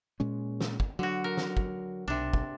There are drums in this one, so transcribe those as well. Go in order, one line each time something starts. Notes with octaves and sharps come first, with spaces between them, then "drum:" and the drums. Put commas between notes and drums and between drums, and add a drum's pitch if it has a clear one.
A#2 G#3 C#4
drum: snare
drum: kick
D3 F#3 F#4
A#4
drum: snare
drum: kick
B1 C3 D4
drum: kick